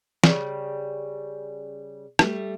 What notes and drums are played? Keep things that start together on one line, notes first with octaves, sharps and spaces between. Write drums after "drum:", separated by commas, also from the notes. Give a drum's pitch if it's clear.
C#3 G3, drum: snare
G3 A3, drum: rim click